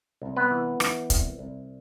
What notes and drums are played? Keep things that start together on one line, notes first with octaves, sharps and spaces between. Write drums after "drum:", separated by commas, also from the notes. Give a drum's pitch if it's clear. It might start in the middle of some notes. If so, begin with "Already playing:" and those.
C2
B3 B4
E3
E3, drum: rim click
C2, drum: kick, hi-hat
C2